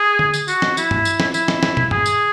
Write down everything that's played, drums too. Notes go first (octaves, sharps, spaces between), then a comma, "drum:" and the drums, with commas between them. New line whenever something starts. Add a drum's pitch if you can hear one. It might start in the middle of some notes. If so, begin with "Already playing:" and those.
Already playing: G#4
drum: tom D3
drum: tambourine
F#4, drum: tambourine
drum: snare
E4, drum: tambourine
drum: tom G2
drum: tambourine
drum: snare
E4, drum: tambourine
drum: snare
drum: snare
drum: tom
G#4, drum: tom G2
drum: tambourine